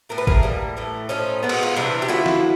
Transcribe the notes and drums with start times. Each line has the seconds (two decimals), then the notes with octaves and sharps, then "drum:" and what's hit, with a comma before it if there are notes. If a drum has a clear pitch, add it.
0.09 A2 E3 A3 A#4
0.18 B4
0.27 G#4 A#4, drum: kick
0.43 A2 E3 G3 A#3
0.77 A2 E3 A3
1.09 A2 F3 A3 C#4 D#4
1.43 D#3 G#3 B3
1.49 F#4, drum: cymbal
1.63 F4
1.76 C3 E3 G3 D4 E4
2.02 G4
2.08 D3 F3 A#3 E4 F#4
2.26 drum: snare